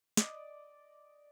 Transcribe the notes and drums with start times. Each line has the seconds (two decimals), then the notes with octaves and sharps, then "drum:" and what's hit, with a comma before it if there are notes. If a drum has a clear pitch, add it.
0.17 D5 D#5, drum: snare